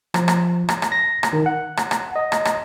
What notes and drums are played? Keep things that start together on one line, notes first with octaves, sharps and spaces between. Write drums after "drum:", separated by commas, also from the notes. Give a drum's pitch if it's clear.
F3, drum: rim click
drum: rim click
drum: rim click
drum: rim click
A#6
drum: rim click
D#3
F#5
drum: rim click
drum: rim click
D#5
drum: rim click
drum: rim click